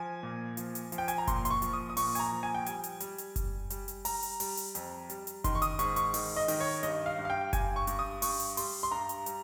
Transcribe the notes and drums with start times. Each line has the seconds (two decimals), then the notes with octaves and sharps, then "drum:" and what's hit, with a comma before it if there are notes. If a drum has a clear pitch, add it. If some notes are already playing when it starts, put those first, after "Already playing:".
Already playing: F3 G#5
0.23 A#2
0.57 F3, drum: hi-hat
0.75 drum: hi-hat
0.92 F3, drum: hi-hat
0.98 G5
1.08 G#5, drum: hi-hat
1.18 A#5
1.27 A#2 C6, drum: kick F#1, hi-hat
1.45 C6, drum: hi-hat
1.50 C#6
1.62 F3, drum: hi-hat
1.73 D#6
1.90 D#6
1.97 A#2 C#6, drum: open hi-hat
2.15 G#5, drum: hi-hat
2.19 A#5
2.32 F3
2.43 G#5
2.55 G5
2.66 G3 G#5, drum: hi-hat
2.84 drum: hi-hat
3.00 G3, drum: hi-hat
3.18 drum: hi-hat
3.36 G3, drum: kick F#1, hi-hat
3.70 G3, drum: hi-hat
3.88 drum: hi-hat
4.05 G3 A#5, drum: open hi-hat
4.23 drum: hi-hat
4.40 G3, drum: open hi-hat
4.57 drum: hi-hat
4.75 F2, drum: hi-hat
5.10 G3, drum: hi-hat
5.27 drum: hi-hat
5.44 D#3 C6, drum: kick F#1, hi-hat
5.55 C#6
5.62 D#6, drum: hi-hat
5.79 G#2 C#6, drum: hi-hat
5.96 C#6, drum: hi-hat
6.14 D#3, drum: open hi-hat
6.36 D#5
6.48 D#3, drum: open hi-hat
6.60 C#5
6.83 G2 D#5, drum: hi-hat
7.06 F5
7.19 G2
7.25 F5
7.30 G5
7.53 G2 G#5, drum: kick F#1, hi-hat
7.76 C#6
7.87 G2, drum: hi-hat
7.99 D#6
8.22 G2 C#6, drum: open hi-hat
8.40 drum: hi-hat
8.57 G3 C6, drum: open hi-hat
8.83 C6
8.91 G2 A#5
9.09 drum: hi-hat
9.26 G3, drum: hi-hat